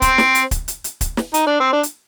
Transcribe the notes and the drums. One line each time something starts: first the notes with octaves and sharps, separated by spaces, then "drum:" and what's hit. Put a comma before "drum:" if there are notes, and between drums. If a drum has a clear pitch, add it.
C4, drum: kick, hi-hat
drum: snare
drum: hi-hat
drum: kick, hi-hat
drum: hi-hat
drum: hi-hat
drum: kick, hi-hat
drum: snare
D#4, drum: hi-hat
D4
C4
D4
drum: hi-hat